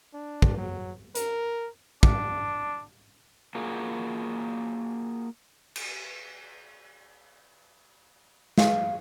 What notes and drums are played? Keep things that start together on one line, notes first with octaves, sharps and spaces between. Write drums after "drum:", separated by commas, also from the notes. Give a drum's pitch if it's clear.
D4
drum: kick
F#3
A#4, drum: hi-hat
D4, drum: kick
A#3 F4 F#4 G#4
drum: cymbal
F5, drum: snare